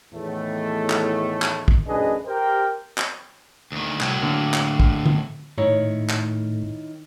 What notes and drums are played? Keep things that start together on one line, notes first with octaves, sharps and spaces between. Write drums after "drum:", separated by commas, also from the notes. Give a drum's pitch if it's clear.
E2 A2 D#3 A3
drum: clap
drum: clap
drum: kick
A1 F#2 D4 G#4 B4 D#5
G4 A#4 C5 G5
drum: clap
D2 D#3
C2 A2 F#3, drum: clap
D3 A#3
drum: clap
drum: kick
drum: tom D3
A2 D#3 E4 C#5
drum: clap